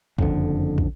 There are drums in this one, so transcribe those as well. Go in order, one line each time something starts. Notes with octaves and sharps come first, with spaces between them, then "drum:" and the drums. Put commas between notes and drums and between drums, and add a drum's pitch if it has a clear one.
F#1 F2 D3, drum: kick
drum: kick